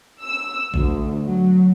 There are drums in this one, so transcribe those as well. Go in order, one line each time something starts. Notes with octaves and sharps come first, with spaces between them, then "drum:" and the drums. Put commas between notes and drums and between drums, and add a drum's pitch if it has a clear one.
E6
D2, drum: kick A#1
F#3